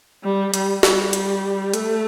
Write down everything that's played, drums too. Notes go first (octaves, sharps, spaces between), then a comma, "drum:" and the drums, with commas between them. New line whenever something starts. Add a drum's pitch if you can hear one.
G3
G3, drum: hi-hat
G3, drum: snare
drum: hi-hat
A3, drum: hi-hat